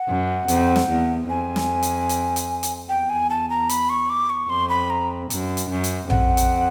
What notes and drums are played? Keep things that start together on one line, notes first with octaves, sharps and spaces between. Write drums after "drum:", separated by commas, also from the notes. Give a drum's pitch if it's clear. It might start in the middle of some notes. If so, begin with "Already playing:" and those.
Already playing: F#5
F#2
F2, drum: hi-hat
drum: snare
E2
F2 G#5
drum: snare
drum: hi-hat
drum: hi-hat
drum: hi-hat
drum: hi-hat
E2 G5
G#5
A5
A#5
B5, drum: hi-hat
C#6
D6
C#6
F2 C6
B5
A#5
F#2, drum: hi-hat
drum: hi-hat
F#2
drum: hi-hat
F2 F#5, drum: tom A#1
drum: hi-hat